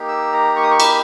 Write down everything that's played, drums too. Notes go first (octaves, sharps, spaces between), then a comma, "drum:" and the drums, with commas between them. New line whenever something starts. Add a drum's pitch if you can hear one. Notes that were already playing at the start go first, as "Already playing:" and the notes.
Already playing: A#3 D#4 G4
E6
A#5
C#6
D#6
C#6
B5, drum: cymbal